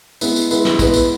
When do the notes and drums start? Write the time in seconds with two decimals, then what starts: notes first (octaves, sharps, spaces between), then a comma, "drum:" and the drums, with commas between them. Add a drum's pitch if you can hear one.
0.21 G#3 B3 E4 B4, drum: tambourine
0.36 drum: tambourine
0.51 G#3 B3 E4 B4, drum: tambourine
0.65 drum: snare
0.79 G#3 B3 E4 B4, drum: kick, tambourine
0.94 drum: tambourine